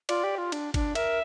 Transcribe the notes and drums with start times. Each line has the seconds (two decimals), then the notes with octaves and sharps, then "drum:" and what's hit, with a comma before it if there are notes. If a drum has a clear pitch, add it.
0.09 F4 D5, drum: cymbal
0.24 G4
0.38 F4
0.52 D4, drum: cymbal
0.74 D4, drum: kick, cymbal
0.95 A#4 E5, drum: cymbal